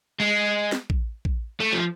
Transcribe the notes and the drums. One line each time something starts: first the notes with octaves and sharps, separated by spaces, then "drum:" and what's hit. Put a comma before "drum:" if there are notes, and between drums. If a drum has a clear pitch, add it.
G#3
drum: snare
drum: kick
drum: kick
A3
F3